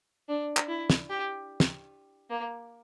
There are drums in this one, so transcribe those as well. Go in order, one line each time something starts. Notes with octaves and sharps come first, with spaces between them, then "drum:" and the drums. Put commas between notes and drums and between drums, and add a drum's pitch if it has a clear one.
D4
drum: clap
E4
drum: snare
G4
drum: snare
A#3